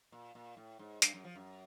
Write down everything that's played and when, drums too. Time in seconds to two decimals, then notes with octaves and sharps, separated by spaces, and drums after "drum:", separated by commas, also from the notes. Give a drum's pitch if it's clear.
0.12 A#2
0.35 A#2
0.57 A2
0.79 G#2
1.02 G2, drum: hi-hat
1.14 F#2
1.24 F3
1.36 F#2